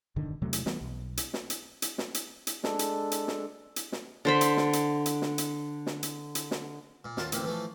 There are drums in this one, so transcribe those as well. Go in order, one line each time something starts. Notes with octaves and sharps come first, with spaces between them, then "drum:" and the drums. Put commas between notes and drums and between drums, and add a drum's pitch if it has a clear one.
E1 G2 D3 D#3
E2 C3 F#3 A3
drum: hi-hat
E3 G3 A3 B3, drum: snare
B1
drum: hi-hat
drum: snare
drum: hi-hat
drum: hi-hat
drum: snare
drum: hi-hat
drum: hi-hat
G#3 D4 A4, drum: snare
drum: hi-hat
drum: hi-hat
drum: snare
drum: hi-hat
drum: snare
D3 C5 B5
drum: hi-hat
drum: snare
drum: hi-hat
drum: hi-hat
drum: snare
drum: hi-hat
drum: snare
drum: hi-hat
drum: hi-hat
drum: snare
A#2
D#2 F4 F#5 A5, drum: snare
A1 D2 A#3 C4, drum: hi-hat
E3 F3 A3